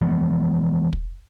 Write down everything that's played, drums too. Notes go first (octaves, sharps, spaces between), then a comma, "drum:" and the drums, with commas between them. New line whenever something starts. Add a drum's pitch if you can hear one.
E3 F3 G#3 B3
drum: kick